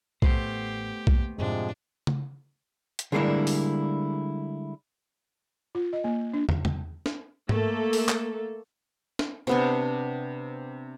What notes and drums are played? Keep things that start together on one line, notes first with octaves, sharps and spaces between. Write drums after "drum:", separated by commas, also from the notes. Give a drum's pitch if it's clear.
A1 A3 B3 G4 C5, drum: kick B1
D#2 A#3, drum: kick B1
F#2 A2 C3 F3 G#3 D4
drum: tom C#3
drum: hi-hat
D3 G3 G#3 A#3 D4 E4
drum: open hi-hat
F4
D#5
A#3
D4
drum: tom
drum: tom
drum: snare
A3 A#3 A4, drum: tom G#2
drum: open hi-hat
drum: clap
drum: snare
C3 B3 D4